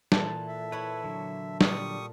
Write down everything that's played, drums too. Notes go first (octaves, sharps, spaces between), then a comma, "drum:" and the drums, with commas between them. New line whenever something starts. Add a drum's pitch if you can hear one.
A#2 E3 A4 A5, drum: snare
E5
E4 B4 C#5
D3 F#3
A#2 G3 C#6 D#6, drum: snare